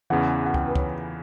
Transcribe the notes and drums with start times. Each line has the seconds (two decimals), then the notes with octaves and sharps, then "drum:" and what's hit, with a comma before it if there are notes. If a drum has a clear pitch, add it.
0.10 E2 C#3 E3 F#5
0.46 F#5
0.54 G5, drum: kick
0.68 B4
0.76 C#5, drum: kick